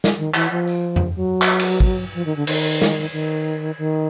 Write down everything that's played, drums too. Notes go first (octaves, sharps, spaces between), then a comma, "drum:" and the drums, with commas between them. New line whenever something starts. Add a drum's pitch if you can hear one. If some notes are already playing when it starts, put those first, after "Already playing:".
drum: snare
D#3
E3, drum: clap
F3
drum: tambourine
drum: tom F2
F#3
drum: clap
drum: cymbal
drum: kick
F3
D#3
D3
D#3, drum: cymbal
drum: snare
D#3
D#3